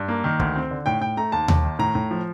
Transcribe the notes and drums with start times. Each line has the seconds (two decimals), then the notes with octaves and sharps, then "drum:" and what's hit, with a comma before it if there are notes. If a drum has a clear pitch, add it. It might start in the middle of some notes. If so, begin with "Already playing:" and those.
Already playing: G2
0.08 A#3
0.24 D#3
0.40 D2, drum: kick
0.55 C4
0.71 D3
0.86 A2 G5
1.01 A2 G5
1.17 A3 A#5
1.32 D#2 A5
1.48 D#2, drum: tom D#2
1.64 D#3
1.79 A2 A#5
1.95 A2
2.11 F3